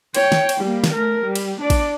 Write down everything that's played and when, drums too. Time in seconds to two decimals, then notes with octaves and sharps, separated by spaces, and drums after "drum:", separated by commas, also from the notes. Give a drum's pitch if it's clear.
0.15 C#5 G5, drum: cymbal
0.32 drum: snare
0.49 drum: cymbal
0.61 G3 A#3
0.84 drum: snare
0.93 A3 A#4
1.26 G3
1.35 drum: cymbal
1.61 D4 D5
1.70 drum: kick, cymbal